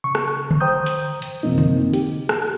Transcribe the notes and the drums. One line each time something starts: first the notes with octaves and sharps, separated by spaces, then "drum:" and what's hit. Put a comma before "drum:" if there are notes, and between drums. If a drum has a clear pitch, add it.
C#3 C#6
drum: rim click
drum: tom
C5 G5 A#5 D#6 G6
drum: hi-hat
drum: hi-hat
F#2 C3 F3 A#3 C4 D#4
drum: tom
G4, drum: hi-hat
drum: rim click